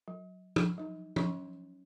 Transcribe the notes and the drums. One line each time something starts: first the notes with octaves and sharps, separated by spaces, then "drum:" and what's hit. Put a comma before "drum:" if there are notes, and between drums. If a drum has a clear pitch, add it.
F#3
drum: tom
F#3 D#4
F#3 C#4 C#5 C6 C#6, drum: tom